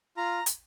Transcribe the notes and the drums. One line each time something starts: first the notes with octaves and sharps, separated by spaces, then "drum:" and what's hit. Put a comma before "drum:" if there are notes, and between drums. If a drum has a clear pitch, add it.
F4 A#5
drum: hi-hat